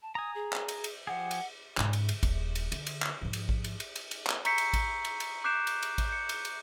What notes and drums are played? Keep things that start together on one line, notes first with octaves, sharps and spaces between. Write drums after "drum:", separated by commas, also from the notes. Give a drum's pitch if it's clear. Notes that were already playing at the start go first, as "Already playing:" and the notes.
A5
G#5 A#5 D#6
G#4
drum: clap
drum: cymbal
drum: cymbal
F3 G4 G#4 F#5
drum: cymbal
G#2 C#3, drum: clap
drum: cymbal
drum: cymbal
D#1, drum: kick A1, cymbal
drum: cymbal
D3, drum: cymbal
drum: cymbal
drum: clap
G#2 F3
drum: cymbal
drum: kick A1
drum: cymbal
drum: cymbal
drum: cymbal
drum: cymbal
drum: clap
A#5 C#6 E6 G6 B6 C#7, drum: cymbal
drum: cymbal
drum: kick A1, cymbal
drum: cymbal
drum: cymbal
D6 F#6 G6 C7 D7 E7
drum: cymbal
drum: cymbal
drum: kick A1, cymbal
G6 C#7
drum: cymbal
drum: cymbal